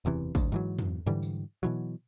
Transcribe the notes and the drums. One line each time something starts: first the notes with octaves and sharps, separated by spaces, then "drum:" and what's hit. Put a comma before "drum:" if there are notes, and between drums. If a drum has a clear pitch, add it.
F#1 E2 C3 E3
F#1 D2, drum: kick, tambourine
G#2 E3 F#3
drum: tom
G#2 D3 E3 G3
drum: tambourine
B2 E3 F#3